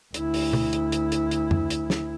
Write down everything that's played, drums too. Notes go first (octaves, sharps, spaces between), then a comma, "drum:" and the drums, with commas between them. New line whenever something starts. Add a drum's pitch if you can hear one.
D2 E4, drum: hi-hat
drum: open hi-hat
drum: tom B2
drum: hi-hat
drum: hi-hat
drum: hi-hat
drum: hi-hat
drum: tom F2
drum: hi-hat
drum: snare